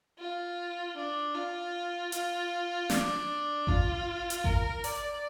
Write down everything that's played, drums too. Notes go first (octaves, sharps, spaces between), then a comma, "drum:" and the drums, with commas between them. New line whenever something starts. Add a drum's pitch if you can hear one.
F4
D4
F4
F4, drum: hi-hat
D4, drum: snare
F4, drum: kick G#1
drum: hi-hat
A#4, drum: kick G#1
D5, drum: open hi-hat